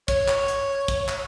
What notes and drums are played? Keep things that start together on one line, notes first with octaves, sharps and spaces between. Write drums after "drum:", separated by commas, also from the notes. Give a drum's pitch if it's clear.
C#5, drum: kick, hi-hat
drum: clap
drum: hi-hat
drum: kick, hi-hat
drum: clap